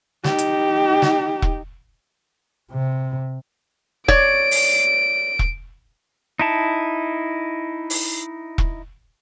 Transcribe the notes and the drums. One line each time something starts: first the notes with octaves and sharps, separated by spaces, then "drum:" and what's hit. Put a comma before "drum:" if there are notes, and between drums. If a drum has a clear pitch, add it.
D#4 G4, drum: snare
drum: hi-hat
drum: snare
drum: kick E1
C3
C#5 D5 D7, drum: kick E1
drum: open hi-hat
drum: kick E1
D#4 E4 A5
drum: open hi-hat
drum: kick E1